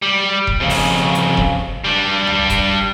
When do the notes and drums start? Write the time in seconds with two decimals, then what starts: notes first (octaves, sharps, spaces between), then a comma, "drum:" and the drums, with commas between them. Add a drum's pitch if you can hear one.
0.02 G3
0.47 drum: kick E1
0.60 F2 C#3
0.70 drum: open hi-hat
1.15 drum: hi-hat
1.37 drum: kick E1
1.84 G3 D4
2.27 drum: tom
2.50 drum: kick E1, hi-hat